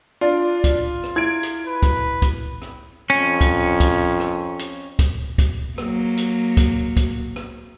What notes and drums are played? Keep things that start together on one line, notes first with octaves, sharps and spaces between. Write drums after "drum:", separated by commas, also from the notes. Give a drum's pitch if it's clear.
D4 F4
drum: kick, hi-hat
drum: rim click
E4 G#6 D7
drum: hi-hat
B4
drum: kick, hi-hat
drum: kick, hi-hat
drum: rim click
F2 C#4
drum: kick, hi-hat
drum: kick, hi-hat
drum: rim click
drum: hi-hat
drum: kick, hi-hat
drum: kick, hi-hat
F#3 A#3, drum: rim click
drum: hi-hat
drum: kick, hi-hat
drum: kick, hi-hat
drum: rim click